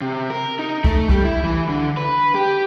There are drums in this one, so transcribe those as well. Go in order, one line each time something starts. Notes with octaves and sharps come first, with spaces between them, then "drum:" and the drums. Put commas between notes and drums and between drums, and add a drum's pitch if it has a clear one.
C3
A#4
D#4
A3, drum: kick
G3, drum: kick
E4
E3
D3
B4
G4